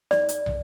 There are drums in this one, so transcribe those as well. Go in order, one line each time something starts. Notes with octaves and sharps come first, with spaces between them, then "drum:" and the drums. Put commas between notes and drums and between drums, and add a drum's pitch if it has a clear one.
D5, drum: snare
drum: hi-hat
drum: tom